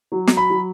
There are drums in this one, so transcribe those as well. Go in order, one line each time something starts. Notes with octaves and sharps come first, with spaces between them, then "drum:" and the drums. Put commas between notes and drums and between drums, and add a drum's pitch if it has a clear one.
F#3
drum: snare
B5
F#3